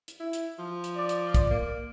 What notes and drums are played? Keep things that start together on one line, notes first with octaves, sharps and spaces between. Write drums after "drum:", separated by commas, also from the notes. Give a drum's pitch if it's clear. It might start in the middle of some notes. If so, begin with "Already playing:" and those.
drum: hi-hat
E4
drum: hi-hat
F3
drum: hi-hat
D5
drum: hi-hat
drum: kick, hi-hat
A#3